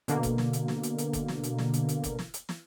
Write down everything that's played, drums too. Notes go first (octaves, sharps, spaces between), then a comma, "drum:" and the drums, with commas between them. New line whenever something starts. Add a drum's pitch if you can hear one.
B2 D3 A#3, drum: hi-hat
drum: kick, hi-hat
drum: snare
drum: hi-hat
drum: snare
drum: hi-hat
drum: hi-hat
drum: kick, hi-hat
drum: snare
drum: hi-hat
drum: snare
drum: hi-hat
drum: hi-hat
drum: kick, hi-hat
drum: snare
drum: hi-hat
drum: snare